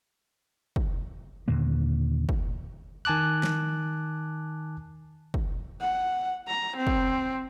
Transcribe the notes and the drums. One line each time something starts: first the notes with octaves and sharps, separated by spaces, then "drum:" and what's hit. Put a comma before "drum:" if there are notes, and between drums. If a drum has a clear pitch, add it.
drum: kick
D#2 A#2 D3 A#3
drum: kick
D#3 G#5 A5 D6 F#6
drum: snare
drum: kick
F#5
A#5
C4
drum: kick